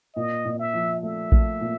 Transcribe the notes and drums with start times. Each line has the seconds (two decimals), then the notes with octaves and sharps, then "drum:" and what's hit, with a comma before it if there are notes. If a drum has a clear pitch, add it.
0.16 A#2 D#5
0.45 A#2
0.59 E5
0.74 F3
1.03 A3 E5
1.32 A3, drum: kick A#1
1.61 A#2